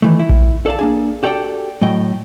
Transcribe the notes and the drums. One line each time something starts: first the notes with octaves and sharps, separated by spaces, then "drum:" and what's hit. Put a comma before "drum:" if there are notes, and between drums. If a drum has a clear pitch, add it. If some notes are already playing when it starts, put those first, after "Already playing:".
D#3 E3 A3
E4
drum: kick A#1
A4 D5 F5 A5
A#3 D4 G#4
F#4 G4 A4 D5 F#5 G5
A2 F#3 D#5 G5